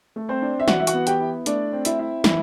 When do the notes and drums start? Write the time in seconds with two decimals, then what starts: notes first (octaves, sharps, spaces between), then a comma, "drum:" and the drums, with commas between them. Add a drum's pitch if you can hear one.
0.16 A3
0.29 C4 C5
0.42 D4
0.60 E5
0.68 E3 F#4 F#5, drum: snare
0.80 E5
0.87 F#4 F#5, drum: hi-hat
0.94 B3
1.07 G4 G5, drum: hi-hat
1.20 E4
1.46 A3 D4 D5, drum: hi-hat
1.73 C4
1.85 E4 E5, drum: hi-hat
1.99 E4
2.24 E3 E4 E5, drum: snare